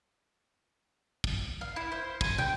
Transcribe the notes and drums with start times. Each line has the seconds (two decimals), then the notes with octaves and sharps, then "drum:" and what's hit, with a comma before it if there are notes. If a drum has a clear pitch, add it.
1.24 drum: kick
1.61 F5
1.76 E4
1.92 C5
2.21 G#5, drum: kick
2.38 G5, drum: tom